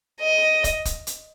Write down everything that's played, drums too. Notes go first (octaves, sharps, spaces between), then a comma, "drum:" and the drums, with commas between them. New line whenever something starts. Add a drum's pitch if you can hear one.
D#5
drum: kick, hi-hat
drum: kick, hi-hat
drum: hi-hat